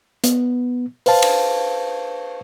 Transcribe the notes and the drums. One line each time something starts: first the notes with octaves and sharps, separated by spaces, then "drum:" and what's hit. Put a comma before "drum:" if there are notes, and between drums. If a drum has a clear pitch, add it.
B3, drum: hi-hat
B4 C5 F5 A5, drum: open hi-hat
drum: cymbal